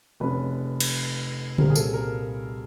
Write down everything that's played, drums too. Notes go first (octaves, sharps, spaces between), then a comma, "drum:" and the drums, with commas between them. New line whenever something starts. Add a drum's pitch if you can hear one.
F1 F2 C#3 B4
drum: cymbal
C2 A#2 G3 C4 A#4, drum: tom C#3
G#4
A4, drum: tambourine
A#4